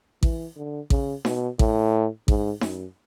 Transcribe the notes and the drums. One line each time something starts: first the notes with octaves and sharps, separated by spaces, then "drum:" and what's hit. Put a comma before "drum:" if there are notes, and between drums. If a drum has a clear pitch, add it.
E3, drum: kick A1
D3
C#3, drum: kick A1
B2, drum: snare D#4
A2, drum: kick A1
G#2, drum: kick A1
F#2, drum: snare D#4